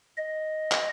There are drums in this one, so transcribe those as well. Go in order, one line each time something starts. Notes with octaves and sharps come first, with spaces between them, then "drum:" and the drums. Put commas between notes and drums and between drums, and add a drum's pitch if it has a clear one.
D#5
drum: clap